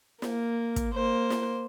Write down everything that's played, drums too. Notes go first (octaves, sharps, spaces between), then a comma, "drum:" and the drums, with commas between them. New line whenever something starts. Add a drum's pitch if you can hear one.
A#3, drum: snare
drum: kick, hi-hat
A#3 C5
drum: snare